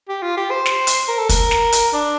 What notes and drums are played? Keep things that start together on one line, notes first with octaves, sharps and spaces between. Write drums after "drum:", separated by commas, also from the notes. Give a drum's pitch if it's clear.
G4
F4
G4
C5
drum: snare
drum: hi-hat
A#4
A4
A#4, drum: kick, hi-hat
drum: snare
drum: hi-hat
D4